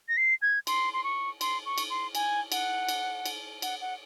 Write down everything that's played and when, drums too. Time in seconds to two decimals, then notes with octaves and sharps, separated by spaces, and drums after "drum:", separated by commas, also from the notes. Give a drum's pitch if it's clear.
0.08 A#6
0.17 C7
0.42 G#6
0.67 C6, drum: cymbal
0.94 C6
1.04 C#6
1.41 C6, drum: cymbal
1.66 C#6
1.78 drum: cymbal
1.90 C6
2.15 G#5, drum: cymbal
2.52 F#5, drum: cymbal
2.89 drum: cymbal
3.25 drum: cymbal
3.62 F#5, drum: cymbal
3.81 F#5